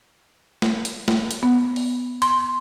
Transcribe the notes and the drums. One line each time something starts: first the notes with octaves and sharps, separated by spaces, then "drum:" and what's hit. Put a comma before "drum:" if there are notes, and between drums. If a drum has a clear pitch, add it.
drum: snare
drum: hi-hat
drum: snare
drum: hi-hat
B3
drum: open hi-hat
C6, drum: hi-hat